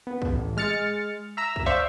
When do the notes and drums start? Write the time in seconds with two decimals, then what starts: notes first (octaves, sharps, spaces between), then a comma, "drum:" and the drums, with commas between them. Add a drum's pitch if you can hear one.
0.07 B3
0.22 drum: kick
0.34 A1
0.57 G#3 F6 A6 C#7
1.37 E5 A#5 E6
1.56 drum: kick
1.66 C5 D5 E5 F5 C#6